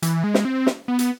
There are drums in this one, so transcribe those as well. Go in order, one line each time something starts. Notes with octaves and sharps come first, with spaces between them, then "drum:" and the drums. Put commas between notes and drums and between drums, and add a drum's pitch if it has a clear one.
E3, drum: hi-hat
G#3
drum: snare
C4
drum: snare
B3
drum: hi-hat